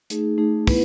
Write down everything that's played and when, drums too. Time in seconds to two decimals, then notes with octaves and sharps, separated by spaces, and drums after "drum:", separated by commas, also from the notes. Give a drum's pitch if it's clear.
0.10 A3 D#4 G#4, drum: hi-hat
0.38 A3 D#4 G#4
0.67 B3 E4 B4, drum: kick, open hi-hat